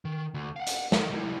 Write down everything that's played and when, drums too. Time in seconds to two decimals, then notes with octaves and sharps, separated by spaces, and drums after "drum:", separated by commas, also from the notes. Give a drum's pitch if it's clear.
0.05 D#3
0.34 D2
0.56 F5 F#5
0.67 drum: hi-hat
0.92 D#3 A#4, drum: snare
1.11 G3 E4